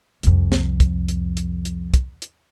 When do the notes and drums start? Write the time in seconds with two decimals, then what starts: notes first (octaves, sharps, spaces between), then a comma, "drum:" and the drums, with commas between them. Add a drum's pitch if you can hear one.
0.23 C2 F2, drum: hi-hat
0.52 drum: snare
0.80 drum: kick, hi-hat
1.08 drum: hi-hat
1.37 drum: hi-hat
1.65 drum: hi-hat
1.94 drum: kick, hi-hat
2.22 drum: hi-hat